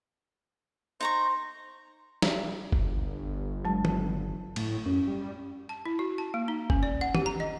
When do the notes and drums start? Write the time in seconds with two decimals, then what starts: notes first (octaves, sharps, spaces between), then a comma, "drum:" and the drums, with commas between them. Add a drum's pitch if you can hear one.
1.01 D#4 C5 A#5 C#6
2.22 drum: snare
2.72 G1, drum: kick
3.65 F#3 G#3 A5
3.85 drum: tom
4.56 A2, drum: cymbal
4.86 F#2 C#4
5.07 G3
5.69 A5
5.86 E4
5.99 F#4
6.18 A5
6.34 A#3
6.48 D#4
6.70 C#4, drum: kick
6.83 D5
7.01 F#5
7.15 G4, drum: tom
7.26 A#5
7.40 D#5